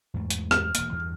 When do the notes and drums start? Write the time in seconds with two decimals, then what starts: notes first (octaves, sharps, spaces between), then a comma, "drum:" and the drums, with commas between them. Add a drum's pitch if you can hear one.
0.14 E2 G#2 A3
0.30 drum: hi-hat
0.51 F6, drum: rim click
0.75 E1 A#3, drum: hi-hat
0.92 E2 G2